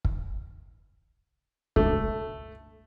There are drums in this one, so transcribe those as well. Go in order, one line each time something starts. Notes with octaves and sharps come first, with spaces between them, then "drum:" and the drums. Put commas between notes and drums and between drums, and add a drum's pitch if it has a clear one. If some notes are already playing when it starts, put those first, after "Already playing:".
drum: kick
C#2 G2 B2 A3, drum: kick